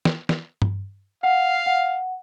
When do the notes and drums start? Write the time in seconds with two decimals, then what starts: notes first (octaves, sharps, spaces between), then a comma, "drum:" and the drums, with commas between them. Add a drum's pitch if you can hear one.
0.05 drum: snare
0.29 drum: snare
0.62 drum: tom G2
1.23 F5 F#5
1.66 F#5